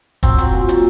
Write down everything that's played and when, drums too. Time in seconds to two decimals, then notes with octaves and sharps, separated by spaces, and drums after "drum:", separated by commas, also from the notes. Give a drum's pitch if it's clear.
0.23 F#3 C4, drum: kick, hi-hat
0.38 F#3, drum: hi-hat
0.53 A#2
0.69 F#3, drum: hi-hat